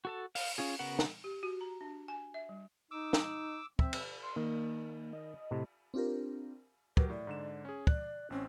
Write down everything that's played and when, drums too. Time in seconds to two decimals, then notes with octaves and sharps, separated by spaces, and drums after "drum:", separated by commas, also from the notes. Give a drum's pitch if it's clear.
0.05 F#4 A4 A5
0.35 F5, drum: open hi-hat
0.58 C#4 F4 G#4
0.79 C#3 B3 F#4 A#4 F#5
0.99 drum: snare
1.24 G4
1.43 F#4
1.61 A#5
1.81 D4
2.08 G#5
2.34 E5
2.49 G3
2.91 D#4 D6 E6
3.13 drum: snare
3.79 C4 E5, drum: kick
3.93 drum: cymbal
4.22 C6
4.36 D#3 A#3
5.13 D#5
5.51 A2 C3
5.94 C4 D4 F4 G4 A#4
6.97 F#3 G4 A#4 B4, drum: kick
7.10 A2 D5
7.27 G#2 D3 E7
7.65 C#4 G#4
7.87 D5 F#6, drum: kick
8.30 A1 C4 C#4